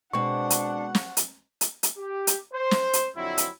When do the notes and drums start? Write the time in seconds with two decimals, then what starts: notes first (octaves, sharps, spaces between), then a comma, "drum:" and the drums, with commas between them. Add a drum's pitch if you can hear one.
0.13 B2 G#3 C4 D4 F#5 C#6
0.50 drum: hi-hat
0.95 drum: snare
1.17 drum: hi-hat
1.61 drum: hi-hat
1.83 drum: hi-hat
1.97 G4
2.27 drum: hi-hat
2.53 C5
2.71 drum: snare
2.93 drum: hi-hat
3.15 F2 D3 F#3 C4 E4
3.38 drum: hi-hat